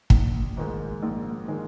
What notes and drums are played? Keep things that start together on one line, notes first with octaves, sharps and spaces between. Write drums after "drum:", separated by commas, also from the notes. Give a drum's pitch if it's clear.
A#1, drum: kick
G#2 D#3 G#3
A#1
D#3 G#3